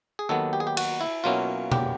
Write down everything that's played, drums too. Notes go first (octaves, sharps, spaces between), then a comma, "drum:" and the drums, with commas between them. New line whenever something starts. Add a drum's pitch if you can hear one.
G#4
D#2 D#3 F#3 B3 A4
G4
G#4
G4
F#4, drum: cymbal
E4
B2 F#3 A#3 C#4 E4 F4
G4, drum: tom B2